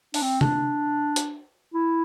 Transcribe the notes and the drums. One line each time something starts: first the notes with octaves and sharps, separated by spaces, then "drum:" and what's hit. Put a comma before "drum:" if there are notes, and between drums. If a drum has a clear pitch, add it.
D4, drum: open hi-hat
C4
D4, drum: tom C3
drum: hi-hat
E4